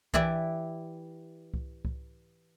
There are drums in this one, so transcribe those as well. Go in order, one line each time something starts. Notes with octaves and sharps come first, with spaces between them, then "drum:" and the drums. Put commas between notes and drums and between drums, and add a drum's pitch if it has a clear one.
E3 E4 G4 D5 E5, drum: kick C2
drum: kick C2
drum: kick C2